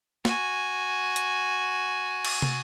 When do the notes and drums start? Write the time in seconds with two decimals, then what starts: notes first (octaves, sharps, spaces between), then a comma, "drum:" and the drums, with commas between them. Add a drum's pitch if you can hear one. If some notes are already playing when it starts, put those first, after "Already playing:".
0.25 F#4 G#5, drum: snare
1.16 drum: hi-hat
2.25 drum: cymbal
2.42 drum: tom